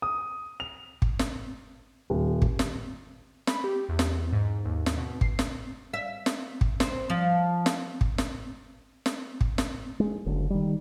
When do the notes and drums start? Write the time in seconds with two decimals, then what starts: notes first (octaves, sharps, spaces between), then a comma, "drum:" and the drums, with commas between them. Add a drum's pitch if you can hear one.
0.02 D#6
0.60 F7
1.02 drum: kick
1.19 drum: snare
2.10 D#1
2.42 drum: kick
2.59 drum: snare
3.47 B5, drum: snare
3.64 G4
3.89 E2
3.99 drum: snare
4.33 G#2
4.65 D#2
4.86 drum: snare
4.97 B2
5.21 C7, drum: kick
5.39 drum: snare
5.93 E5
6.26 drum: snare
6.61 drum: kick
6.80 C4, drum: snare
7.10 F3
7.66 drum: snare
8.01 drum: kick
8.18 drum: snare
9.06 drum: snare
9.41 drum: kick
9.58 drum: snare
10.00 G#3
10.26 F#1 F#2 D3
10.50 D#3 G3